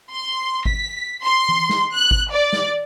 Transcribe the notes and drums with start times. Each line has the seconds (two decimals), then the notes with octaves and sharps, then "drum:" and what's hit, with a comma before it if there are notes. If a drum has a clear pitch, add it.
0.10 C6
0.65 B6, drum: kick G#1
1.22 C6
1.49 drum: tom E3
1.69 drum: snare
1.93 F#6
2.11 drum: kick G#1
2.31 D5
2.53 drum: snare